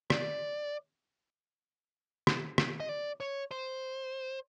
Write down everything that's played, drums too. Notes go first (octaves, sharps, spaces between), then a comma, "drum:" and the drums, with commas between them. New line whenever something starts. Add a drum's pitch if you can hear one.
D5, drum: rim click
drum: rim click
drum: rim click
D#5
D5
C#5
C5